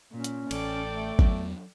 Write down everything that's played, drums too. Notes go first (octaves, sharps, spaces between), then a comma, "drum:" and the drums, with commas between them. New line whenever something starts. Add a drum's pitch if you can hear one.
A#2 C#4
drum: hi-hat
A1 A4 D5 G5, drum: cymbal
A3
E2 F#3 B3, drum: kick